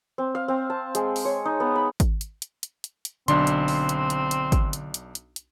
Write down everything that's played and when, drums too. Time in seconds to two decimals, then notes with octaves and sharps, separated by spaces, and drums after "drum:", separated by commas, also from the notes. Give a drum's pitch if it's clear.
0.18 C4
0.35 F5
0.48 C4
0.70 A5
0.95 G#3, drum: hi-hat
1.16 drum: open hi-hat
1.25 C#5
1.45 D#4
1.60 B3
1.76 B5
2.00 drum: kick G#1, hi-hat
2.21 drum: hi-hat
2.42 drum: hi-hat
2.63 drum: hi-hat
2.84 drum: hi-hat
3.05 drum: hi-hat
3.28 B1 D3 C4 D4 C6, drum: hi-hat
3.47 drum: hi-hat
3.68 drum: open hi-hat
3.89 drum: hi-hat
4.10 drum: hi-hat
4.31 drum: hi-hat
4.52 drum: kick G#1, hi-hat
4.73 drum: hi-hat
4.94 drum: hi-hat
5.15 drum: hi-hat
5.36 drum: hi-hat